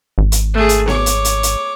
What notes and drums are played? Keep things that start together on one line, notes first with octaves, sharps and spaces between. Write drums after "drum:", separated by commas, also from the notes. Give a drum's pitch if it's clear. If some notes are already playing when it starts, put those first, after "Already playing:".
G#1
drum: hi-hat
A3 G#4
drum: hi-hat
C#5 D6, drum: snare B3
drum: hi-hat
drum: hi-hat
drum: hi-hat